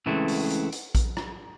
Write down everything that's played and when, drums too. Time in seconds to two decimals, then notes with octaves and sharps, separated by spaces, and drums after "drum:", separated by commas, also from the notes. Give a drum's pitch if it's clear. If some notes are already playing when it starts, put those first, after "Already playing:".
0.06 C#2 C#3 E3 A3 C4
0.28 drum: open hi-hat
0.50 drum: hi-hat
0.72 drum: hi-hat
0.95 drum: kick A#1, hi-hat
1.17 drum: rim click